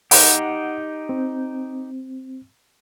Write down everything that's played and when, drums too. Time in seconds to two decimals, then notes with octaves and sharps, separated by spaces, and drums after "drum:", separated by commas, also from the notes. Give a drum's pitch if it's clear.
0.11 D#4 G4 F#5, drum: open hi-hat
1.09 C4